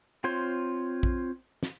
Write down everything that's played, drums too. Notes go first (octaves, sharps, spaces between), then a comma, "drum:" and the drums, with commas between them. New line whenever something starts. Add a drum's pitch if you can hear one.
C4 F4 C5 C#5 C6
drum: kick A#1
drum: snare